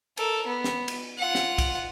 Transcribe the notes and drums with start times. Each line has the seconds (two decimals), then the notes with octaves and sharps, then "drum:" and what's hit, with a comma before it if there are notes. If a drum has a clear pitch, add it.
0.17 A4 A#4, drum: cymbal
0.46 B3
0.64 drum: snare
0.88 drum: cymbal
1.19 F4 F#5
1.35 drum: snare
1.58 drum: kick C2, cymbal